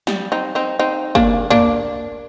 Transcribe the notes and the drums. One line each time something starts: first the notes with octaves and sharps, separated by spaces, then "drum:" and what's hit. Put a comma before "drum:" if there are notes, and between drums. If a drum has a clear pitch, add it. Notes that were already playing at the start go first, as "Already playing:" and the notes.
G3, drum: snare
C4 D#4
C4 D#4
C4 D#4
A#3 D4, drum: kick
A#3 D4, drum: tom